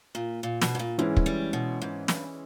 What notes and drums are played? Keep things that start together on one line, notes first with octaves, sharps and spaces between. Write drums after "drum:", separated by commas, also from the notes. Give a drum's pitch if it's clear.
A#2
A#2
B2, drum: snare
G#2
A#2
G#2 E3 G#3 C#4 E4
drum: kick
G3
B2
G#2
G2, drum: snare